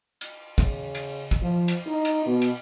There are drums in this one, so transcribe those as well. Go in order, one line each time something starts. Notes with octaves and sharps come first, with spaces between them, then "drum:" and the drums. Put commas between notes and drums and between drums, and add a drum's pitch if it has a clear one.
drum: cymbal
C#3, drum: kick, cymbal
drum: cymbal
drum: kick
F3
drum: cymbal
D#4
drum: cymbal
B2
drum: cymbal